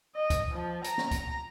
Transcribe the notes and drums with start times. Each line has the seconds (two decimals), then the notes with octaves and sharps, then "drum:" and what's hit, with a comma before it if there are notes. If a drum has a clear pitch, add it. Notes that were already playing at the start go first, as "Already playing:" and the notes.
0.15 D#5
0.30 drum: kick, hi-hat
0.51 F3
0.84 A#5, drum: hi-hat
0.98 drum: snare
1.11 drum: kick, hi-hat